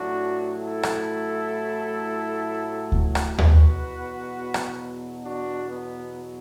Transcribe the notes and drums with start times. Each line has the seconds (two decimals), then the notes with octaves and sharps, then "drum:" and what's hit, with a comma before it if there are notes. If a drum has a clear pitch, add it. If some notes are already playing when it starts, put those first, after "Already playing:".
Already playing: A1 A2 F#3 D4 F#4
0.60 E4 A4
0.83 drum: rim click
2.92 drum: kick D2
3.15 drum: rim click
3.38 E2 B2 F#3 F#4 B4, drum: tom D#2
4.54 drum: rim click
5.23 D4 F#4
5.70 B3